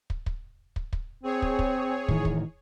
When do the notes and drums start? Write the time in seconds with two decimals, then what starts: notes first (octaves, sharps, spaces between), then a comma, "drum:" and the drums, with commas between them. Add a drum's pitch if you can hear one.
0.10 drum: kick
0.26 drum: kick
0.76 drum: kick
0.93 drum: kick
1.23 C4 G#4 C#5
1.42 drum: kick
1.59 drum: kick
2.08 A2 D#3 E3, drum: kick
2.25 drum: kick